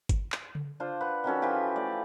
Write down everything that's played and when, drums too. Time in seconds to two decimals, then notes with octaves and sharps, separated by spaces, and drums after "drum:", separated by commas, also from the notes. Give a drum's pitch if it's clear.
0.09 drum: kick, hi-hat
0.32 drum: clap
0.55 drum: tom C#3
0.80 D4 F4 C5
1.01 B4 F#5
1.24 D#3 F#3 C#4 A4
1.42 E3 F3 F4 G4
1.76 A3 D5